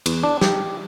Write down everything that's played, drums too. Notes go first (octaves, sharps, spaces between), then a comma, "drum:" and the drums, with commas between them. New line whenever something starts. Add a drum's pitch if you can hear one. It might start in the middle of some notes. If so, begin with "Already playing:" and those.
E2, drum: cymbal
D4
G4, drum: snare